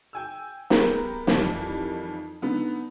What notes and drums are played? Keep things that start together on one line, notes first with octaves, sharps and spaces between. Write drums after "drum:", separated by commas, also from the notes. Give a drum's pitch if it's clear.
G5 G#5 E6
G#3 B3 G4 A#4, drum: snare
F2 D#3 E3 G3, drum: snare
D3 B3 D#4